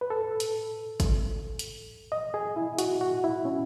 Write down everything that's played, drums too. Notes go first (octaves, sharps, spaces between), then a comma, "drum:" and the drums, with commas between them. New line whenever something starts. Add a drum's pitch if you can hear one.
B4
A4
drum: hi-hat
drum: kick G#1, hi-hat
drum: hi-hat
D#5
G#4
E4
F#4, drum: hi-hat
F#4
E4
C#4